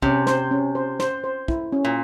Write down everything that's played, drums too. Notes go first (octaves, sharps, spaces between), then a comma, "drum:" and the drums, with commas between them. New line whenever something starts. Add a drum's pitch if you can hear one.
C3 C#4, drum: kick
C5, drum: snare
C#4
C5
C5, drum: snare
C5
E4, drum: kick
C#4
A#2